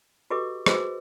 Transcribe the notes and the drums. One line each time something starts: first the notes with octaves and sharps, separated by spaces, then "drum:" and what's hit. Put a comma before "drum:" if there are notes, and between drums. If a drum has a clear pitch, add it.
F#4 G4 A4 B4 D#5 D6
F#4 G#4 B4 C5 D#5, drum: rim click